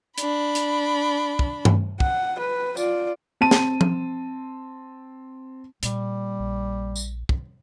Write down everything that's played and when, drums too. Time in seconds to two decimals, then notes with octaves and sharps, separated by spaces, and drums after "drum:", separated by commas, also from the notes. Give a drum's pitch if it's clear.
0.18 D4 B5, drum: hi-hat
0.55 drum: hi-hat
1.39 drum: kick
1.65 drum: tom G2
2.00 F#5, drum: kick
2.39 B4
2.77 F4 D5, drum: tambourine
3.41 C4 A5 D#7
3.51 drum: snare
3.81 drum: tom F3
5.83 A#2 G3, drum: hi-hat
6.40 A#1
6.96 drum: tambourine
7.29 drum: kick